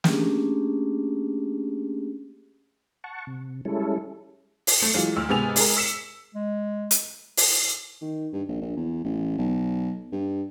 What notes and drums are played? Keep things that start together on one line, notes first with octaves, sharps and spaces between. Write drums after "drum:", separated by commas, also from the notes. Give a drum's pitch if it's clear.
A3 A#3 C#4 D4 G4 G#4, drum: snare
F#5 A5 C#6
C3
G3 G#3 C#4 E4 A4
drum: open hi-hat
A3 C#7
E3 F#3 G#3 F4
D2 E6 F6
G#2 C3 G#3 B3 G#5 F7
G#3 G#4 A#4, drum: open hi-hat
E6 B6 C#7 E7
G#3
drum: hi-hat
drum: open hi-hat
D#3
G2
A#1
A#1
E2
A1
B1
G2